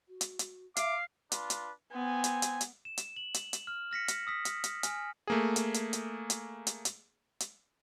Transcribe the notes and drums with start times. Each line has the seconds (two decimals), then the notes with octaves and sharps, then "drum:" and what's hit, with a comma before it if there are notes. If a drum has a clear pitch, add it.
0.08 F#4
0.21 drum: hi-hat
0.39 drum: hi-hat
0.77 E5 F5 D6, drum: hi-hat
1.32 D4 F4 B4, drum: hi-hat
1.50 drum: hi-hat
1.92 B3 C4 G#5
2.24 drum: hi-hat
2.42 drum: hi-hat
2.61 drum: hi-hat
2.85 E7
2.98 drum: hi-hat
3.16 F#7
3.34 drum: hi-hat
3.53 drum: hi-hat
3.67 F6
3.91 F6 A#6 B6 C#7
4.08 drum: hi-hat
4.27 D#6 E6 B6
4.45 drum: hi-hat
4.64 drum: hi-hat
4.83 G#5 F6, drum: hi-hat
5.27 A3 A#3 G#4
5.56 drum: hi-hat
5.74 drum: hi-hat
5.93 drum: hi-hat
6.30 drum: hi-hat
6.67 drum: hi-hat
6.85 drum: hi-hat
7.40 drum: hi-hat